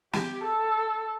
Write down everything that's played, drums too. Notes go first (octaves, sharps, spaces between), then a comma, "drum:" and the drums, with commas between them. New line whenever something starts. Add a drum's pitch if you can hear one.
G4, drum: snare
A4